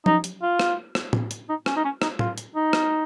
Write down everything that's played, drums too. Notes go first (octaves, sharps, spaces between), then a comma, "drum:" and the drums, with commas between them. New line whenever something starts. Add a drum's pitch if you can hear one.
D#4, drum: tom F3
drum: hi-hat
F4
drum: rim click
drum: rim click
drum: tom A2
drum: hi-hat
D#4
C#4, drum: rim click
D#4
C#4
D#4, drum: rim click
F4, drum: tom
drum: hi-hat
D#4
drum: rim click